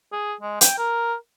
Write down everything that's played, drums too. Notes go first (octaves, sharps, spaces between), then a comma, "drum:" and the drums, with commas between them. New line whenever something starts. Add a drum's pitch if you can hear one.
G#4
G#3
G5, drum: hi-hat
A#4